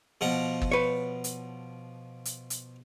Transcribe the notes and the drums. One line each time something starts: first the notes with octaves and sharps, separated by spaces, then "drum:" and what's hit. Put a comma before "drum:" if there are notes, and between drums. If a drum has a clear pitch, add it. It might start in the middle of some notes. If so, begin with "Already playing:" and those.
B2 F3 F#5
drum: kick G1
B4 C#5
drum: hi-hat
drum: hi-hat
drum: hi-hat